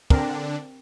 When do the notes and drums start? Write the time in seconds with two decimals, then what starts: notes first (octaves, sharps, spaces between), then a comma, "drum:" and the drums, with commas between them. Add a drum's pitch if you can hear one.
0.10 D3 C4 D4 A#4, drum: kick